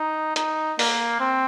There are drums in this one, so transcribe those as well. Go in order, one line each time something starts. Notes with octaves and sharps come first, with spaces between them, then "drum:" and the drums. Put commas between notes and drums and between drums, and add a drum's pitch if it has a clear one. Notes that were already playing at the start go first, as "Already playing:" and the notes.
Already playing: D#4
D#4, drum: hi-hat
A#3, drum: open hi-hat
C4